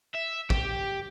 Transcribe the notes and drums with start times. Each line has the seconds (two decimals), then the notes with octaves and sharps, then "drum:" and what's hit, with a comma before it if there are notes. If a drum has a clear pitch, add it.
0.14 E5
0.50 G4, drum: kick